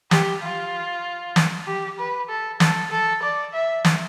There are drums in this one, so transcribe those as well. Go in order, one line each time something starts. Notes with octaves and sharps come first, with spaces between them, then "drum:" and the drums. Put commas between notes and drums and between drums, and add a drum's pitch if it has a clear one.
G4, drum: snare
F4
drum: snare
G4
B4
A4
A4, drum: snare
A4
D5
E5
drum: snare